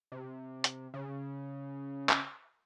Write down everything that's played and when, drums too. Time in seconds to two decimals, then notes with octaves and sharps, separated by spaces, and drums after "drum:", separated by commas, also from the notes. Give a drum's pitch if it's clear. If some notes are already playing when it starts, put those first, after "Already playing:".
0.12 C3
0.64 drum: hi-hat
0.94 C#3
2.09 drum: clap